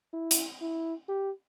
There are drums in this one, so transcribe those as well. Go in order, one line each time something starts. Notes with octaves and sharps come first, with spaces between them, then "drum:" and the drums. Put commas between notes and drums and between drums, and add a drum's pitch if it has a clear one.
E4
drum: hi-hat
E4
G4